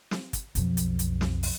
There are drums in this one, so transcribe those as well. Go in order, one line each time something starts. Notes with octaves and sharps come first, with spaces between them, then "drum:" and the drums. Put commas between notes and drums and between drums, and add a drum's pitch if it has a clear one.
drum: snare
drum: kick, hi-hat
B1 F2, drum: hi-hat
drum: hi-hat
drum: hi-hat
drum: snare
drum: open hi-hat